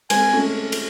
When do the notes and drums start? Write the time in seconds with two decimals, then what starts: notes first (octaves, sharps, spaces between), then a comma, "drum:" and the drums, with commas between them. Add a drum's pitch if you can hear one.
0.10 G#3 C4 G#5, drum: cymbal
0.28 C4
0.33 A3 C#4
0.72 drum: cymbal